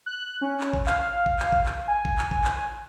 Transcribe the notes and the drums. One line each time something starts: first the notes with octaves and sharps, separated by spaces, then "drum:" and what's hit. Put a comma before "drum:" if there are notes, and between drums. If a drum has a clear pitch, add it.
F#6
C#4
drum: clap
drum: kick G#1
F5, drum: clap
drum: kick G#1
drum: clap
drum: kick G#1
drum: clap
G#5
drum: kick G#1
drum: clap
drum: kick G#1
drum: clap